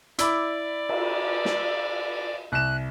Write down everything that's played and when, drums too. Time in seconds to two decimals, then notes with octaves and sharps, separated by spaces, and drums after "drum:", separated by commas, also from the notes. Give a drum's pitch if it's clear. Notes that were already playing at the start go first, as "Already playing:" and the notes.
0.19 E4 D5 B5 D6, drum: hi-hat
0.89 drum: cymbal
1.45 drum: snare
2.52 C2 F#6 E7